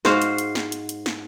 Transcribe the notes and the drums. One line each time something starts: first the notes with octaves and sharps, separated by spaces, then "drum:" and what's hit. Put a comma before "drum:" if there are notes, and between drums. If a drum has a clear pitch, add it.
G#2 F#4 C5 F5, drum: snare
drum: hi-hat
drum: hi-hat
drum: snare
drum: hi-hat
drum: hi-hat
drum: snare